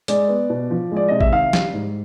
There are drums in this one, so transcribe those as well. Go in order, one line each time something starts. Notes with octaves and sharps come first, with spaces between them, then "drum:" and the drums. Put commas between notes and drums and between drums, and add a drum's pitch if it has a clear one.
G#3 D5, drum: hi-hat
B3
B2
F3
G#3 D5
C3 D#5
E5, drum: kick A1
D#3 F5
G3, drum: snare
G#2